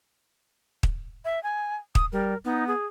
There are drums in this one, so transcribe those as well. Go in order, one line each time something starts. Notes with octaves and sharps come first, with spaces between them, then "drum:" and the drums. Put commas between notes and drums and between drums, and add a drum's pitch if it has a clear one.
drum: kick
E5
G#5
D#6, drum: kick
G3 A#4
B3 D#4
G#4